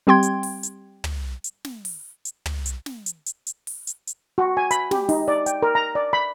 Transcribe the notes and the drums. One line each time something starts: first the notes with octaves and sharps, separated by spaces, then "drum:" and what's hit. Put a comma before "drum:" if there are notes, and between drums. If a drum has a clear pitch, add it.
G3 C4 G4 G5 C6 G#6
drum: hi-hat
drum: open hi-hat
drum: hi-hat
drum: tom
drum: hi-hat
drum: snare
drum: open hi-hat
drum: hi-hat
drum: tom
drum: hi-hat
drum: snare
drum: hi-hat
drum: hi-hat
drum: hi-hat
drum: open hi-hat
drum: hi-hat
drum: hi-hat
F#4
G#5
B5, drum: hi-hat
G4, drum: snare
D#4, drum: open hi-hat
D5
G5, drum: hi-hat
A#4
A#5
D5
B5